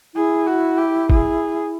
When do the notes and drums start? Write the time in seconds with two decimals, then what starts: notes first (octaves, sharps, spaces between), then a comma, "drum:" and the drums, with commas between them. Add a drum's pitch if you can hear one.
0.15 E4 G#4
0.47 F#4
0.78 G4
1.10 G#4, drum: kick